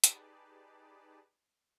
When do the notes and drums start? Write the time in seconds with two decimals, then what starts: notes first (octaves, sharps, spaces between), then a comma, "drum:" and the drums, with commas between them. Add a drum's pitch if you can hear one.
0.04 D#4 G4 G#4 B4 D5 A5, drum: hi-hat